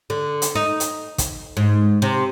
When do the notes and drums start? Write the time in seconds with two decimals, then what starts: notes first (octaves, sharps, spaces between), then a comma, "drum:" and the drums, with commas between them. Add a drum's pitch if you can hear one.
0.10 D3
0.42 drum: hi-hat
0.55 D#4
0.80 drum: hi-hat
1.18 drum: kick, hi-hat
1.57 G#2
2.02 C3